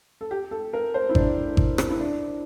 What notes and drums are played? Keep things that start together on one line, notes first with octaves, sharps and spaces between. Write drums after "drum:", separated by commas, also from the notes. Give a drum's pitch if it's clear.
A4
G4
A4
A#4
C5
E4
D4, drum: kick G#1
drum: kick G#1
drum: rim click
E4
D4